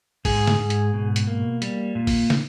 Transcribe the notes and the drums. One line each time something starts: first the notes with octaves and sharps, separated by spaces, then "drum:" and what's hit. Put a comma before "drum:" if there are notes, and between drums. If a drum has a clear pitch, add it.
G#2 G#4, drum: kick, open hi-hat
drum: snare
G#2
drum: hi-hat
B2
drum: hi-hat
A#3
G3, drum: hi-hat
A#2
drum: kick, open hi-hat
drum: snare